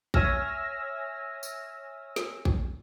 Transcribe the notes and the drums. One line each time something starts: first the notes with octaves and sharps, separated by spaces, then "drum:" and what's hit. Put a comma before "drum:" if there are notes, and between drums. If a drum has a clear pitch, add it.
C#5 E5 G#5 E6 F6 A#6, drum: kick
drum: tambourine
drum: snare
drum: kick